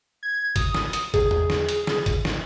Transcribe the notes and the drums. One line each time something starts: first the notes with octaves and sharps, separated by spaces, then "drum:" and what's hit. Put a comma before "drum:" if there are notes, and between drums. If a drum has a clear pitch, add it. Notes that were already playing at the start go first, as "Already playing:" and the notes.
G#6
D#6, drum: kick, hi-hat
drum: snare
drum: hi-hat
G#4, drum: kick, hi-hat
drum: tom E2
drum: snare
drum: hi-hat
drum: snare
drum: kick, hi-hat
drum: snare